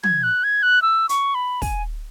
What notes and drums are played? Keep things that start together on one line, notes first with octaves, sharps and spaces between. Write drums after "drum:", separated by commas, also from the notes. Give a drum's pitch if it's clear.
G#6, drum: tom
F#6
G#6
F#6
E6
C#6, drum: hi-hat
B5
G#5, drum: kick, open hi-hat